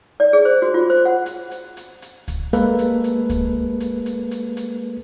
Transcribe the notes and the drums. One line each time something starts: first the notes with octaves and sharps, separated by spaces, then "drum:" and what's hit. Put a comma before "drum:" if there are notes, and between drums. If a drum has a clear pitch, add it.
D5
G#4
C5
F#4
F4
C5
F#5
drum: hi-hat
drum: hi-hat
drum: hi-hat
drum: hi-hat
drum: kick C#2, hi-hat
G#3 A#3 A4 B4, drum: hi-hat
drum: hi-hat
drum: hi-hat
drum: kick C#2, hi-hat
drum: hi-hat
drum: hi-hat
drum: hi-hat
drum: hi-hat